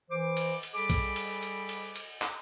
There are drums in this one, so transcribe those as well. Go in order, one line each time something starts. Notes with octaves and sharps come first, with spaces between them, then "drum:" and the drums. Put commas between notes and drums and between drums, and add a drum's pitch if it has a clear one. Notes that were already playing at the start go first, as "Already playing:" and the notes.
E3 C5 D6
drum: cymbal
drum: cymbal
G3 G#4 A4 B5 D6
drum: kick, cymbal
drum: cymbal
drum: cymbal
drum: cymbal
drum: cymbal
drum: clap